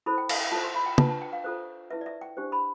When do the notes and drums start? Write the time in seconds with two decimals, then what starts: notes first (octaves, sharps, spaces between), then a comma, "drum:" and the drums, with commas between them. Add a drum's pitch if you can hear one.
0.06 E4 A4 C5 B5
0.18 G5
0.29 F5, drum: cymbal
0.40 G5
0.52 F4 A4 C5 A5
0.64 C6
0.75 B5
0.86 G5
0.98 D4 F4 B4 A5, drum: tom
1.09 A5
1.22 G5
1.33 F5
1.44 F4 A4 C5
1.90 E4 B4 E5
2.01 D5
2.06 E5
2.21 G5
2.37 D4 G4 C5
2.52 B5